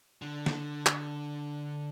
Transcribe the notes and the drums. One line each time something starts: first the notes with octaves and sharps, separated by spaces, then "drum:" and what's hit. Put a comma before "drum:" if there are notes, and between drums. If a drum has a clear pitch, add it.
D3
drum: snare
drum: clap